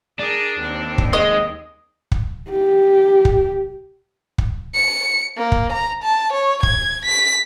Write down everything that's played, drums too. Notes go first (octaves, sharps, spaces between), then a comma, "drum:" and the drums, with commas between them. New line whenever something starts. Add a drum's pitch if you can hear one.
D4 G#4 A#4
D#2 C4
drum: kick
G#3 D#5
drum: kick
G4
drum: kick
drum: kick
C#7
A#3
drum: kick
A#5
A5
C#5
G#6, drum: kick
B6